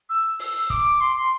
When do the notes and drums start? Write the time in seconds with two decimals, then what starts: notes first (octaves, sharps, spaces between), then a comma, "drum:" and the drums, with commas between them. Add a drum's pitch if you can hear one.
0.09 E6
0.39 E6, drum: open hi-hat
0.70 D6, drum: kick, hi-hat
1.00 C6
1.16 C6